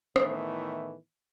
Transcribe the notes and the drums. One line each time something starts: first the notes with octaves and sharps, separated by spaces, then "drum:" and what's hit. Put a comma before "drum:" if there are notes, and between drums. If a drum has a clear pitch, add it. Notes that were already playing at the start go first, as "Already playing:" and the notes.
A2 D#3 E3 A3 B3, drum: rim click